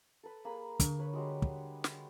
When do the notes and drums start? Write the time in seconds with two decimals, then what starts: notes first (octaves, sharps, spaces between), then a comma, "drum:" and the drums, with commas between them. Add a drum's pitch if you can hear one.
0.23 A4 B4
0.45 A#3 G#4 B5
0.80 D3, drum: kick, hi-hat
0.99 B4 C#5
1.13 G3 G#3 F#4
1.42 drum: kick
1.84 drum: snare